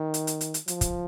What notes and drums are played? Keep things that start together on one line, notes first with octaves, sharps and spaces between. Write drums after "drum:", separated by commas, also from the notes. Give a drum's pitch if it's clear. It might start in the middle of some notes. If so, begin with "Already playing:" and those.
Already playing: D#3
drum: hi-hat
drum: hi-hat
drum: hi-hat
drum: hi-hat
F3, drum: hi-hat
drum: kick, hi-hat